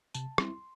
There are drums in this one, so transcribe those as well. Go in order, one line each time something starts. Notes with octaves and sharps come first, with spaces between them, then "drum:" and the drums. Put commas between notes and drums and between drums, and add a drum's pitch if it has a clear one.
C3 A5, drum: tambourine
G3 C4 E4 C6, drum: rim click